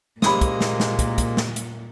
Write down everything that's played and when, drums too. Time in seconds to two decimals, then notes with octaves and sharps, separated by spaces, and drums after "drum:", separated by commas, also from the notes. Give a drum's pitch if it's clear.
0.22 C2 A#2 G#3 A#3 C#4 G#5 B5 D#6, drum: snare
0.41 drum: kick, hi-hat
0.61 drum: snare
0.80 drum: snare
0.99 drum: kick, hi-hat
1.18 drum: kick, hi-hat
1.37 drum: snare
1.56 drum: hi-hat